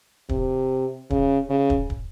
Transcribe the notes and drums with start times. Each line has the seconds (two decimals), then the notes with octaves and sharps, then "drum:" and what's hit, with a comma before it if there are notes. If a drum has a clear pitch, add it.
0.29 C3, drum: kick
1.10 C#3, drum: kick
1.50 C#3
1.70 drum: kick
1.90 drum: kick